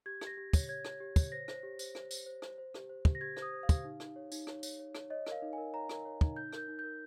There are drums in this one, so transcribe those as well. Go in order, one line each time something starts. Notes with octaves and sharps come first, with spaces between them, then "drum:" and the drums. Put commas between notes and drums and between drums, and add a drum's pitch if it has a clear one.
G4 G#6
G4, drum: rim click
A#6
G4
C#5, drum: kick, tambourine
C#5 G#6
C#5, drum: rim click
G4
C#5, drum: kick, tambourine
C5 A#6
C5, drum: rim click
G4
C5, drum: tambourine
C5, drum: rim click
C5, drum: tambourine
C5
C5, drum: rim click
C5
G4, drum: rim click
C5
G4, drum: kick
A#6
G4 G#6
C5, drum: rim click
D#6
C5
F5
G4, drum: kick, tambourine
D#4
D#4, drum: rim click
C#5
D#4, drum: tambourine
C#5, drum: rim click
C#5, drum: tambourine
C#5
C#5, drum: rim click
C#5 D#5
A#4, drum: rim click
F5
D#4
A#4 G#5
C#5 A#5
A#4, drum: rim click
C#5
D#4, drum: kick
D#4 G6
A#4, drum: rim click
G6
D#4
A#4 G6